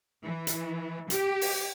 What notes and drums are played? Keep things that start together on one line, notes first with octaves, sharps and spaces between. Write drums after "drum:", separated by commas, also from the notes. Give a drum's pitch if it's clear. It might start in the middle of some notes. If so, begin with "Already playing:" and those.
E3
drum: hi-hat
G4, drum: hi-hat
drum: open hi-hat